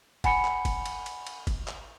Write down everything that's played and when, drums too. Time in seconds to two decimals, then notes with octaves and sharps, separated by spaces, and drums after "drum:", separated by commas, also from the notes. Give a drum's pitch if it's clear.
0.24 F#5 G#5 B5 C#7, drum: kick, cymbal
0.45 drum: clap
0.65 drum: kick, cymbal
0.86 drum: cymbal
1.06 drum: cymbal
1.27 drum: cymbal
1.47 drum: kick, cymbal
1.68 drum: clap